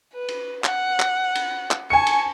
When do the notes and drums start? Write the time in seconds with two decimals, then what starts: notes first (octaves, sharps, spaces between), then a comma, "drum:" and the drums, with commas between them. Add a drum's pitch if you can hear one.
0.14 B4
0.28 drum: cymbal
0.64 F#5, drum: clap
1.00 drum: clap
1.35 drum: cymbal
1.71 drum: clap
1.90 G#5 A5 C#6 C#7
2.07 drum: cymbal